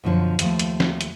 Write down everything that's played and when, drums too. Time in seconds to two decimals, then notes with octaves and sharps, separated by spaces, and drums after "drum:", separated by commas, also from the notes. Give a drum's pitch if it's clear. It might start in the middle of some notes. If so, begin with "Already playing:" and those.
0.04 F#2 B2 D3 F3 C#5
0.39 D#2 F3 A3, drum: hi-hat
0.59 drum: hi-hat
0.80 drum: snare
1.01 drum: hi-hat